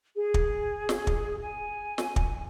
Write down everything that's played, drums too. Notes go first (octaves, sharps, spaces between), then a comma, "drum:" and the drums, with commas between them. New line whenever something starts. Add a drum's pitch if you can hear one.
G#4
drum: kick
drum: snare
drum: kick
G#5
drum: snare
drum: kick